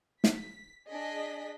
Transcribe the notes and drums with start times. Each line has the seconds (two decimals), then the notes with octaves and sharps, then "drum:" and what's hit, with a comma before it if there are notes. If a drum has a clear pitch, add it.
0.24 B6, drum: snare
0.88 D4 G#4 D#5 B6